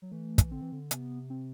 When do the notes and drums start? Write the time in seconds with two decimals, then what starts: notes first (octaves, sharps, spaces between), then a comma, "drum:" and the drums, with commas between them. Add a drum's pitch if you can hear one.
0.02 F#3
0.11 E3 A3
0.38 drum: kick, hi-hat
0.51 D3 C4
0.61 E3
0.72 D3
0.91 C3 B3, drum: hi-hat
1.30 C4